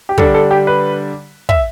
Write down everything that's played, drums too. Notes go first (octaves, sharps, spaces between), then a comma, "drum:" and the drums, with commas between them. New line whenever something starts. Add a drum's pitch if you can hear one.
G4
D3 G3 D4 A4, drum: kick
A4
G4
B4
E5, drum: kick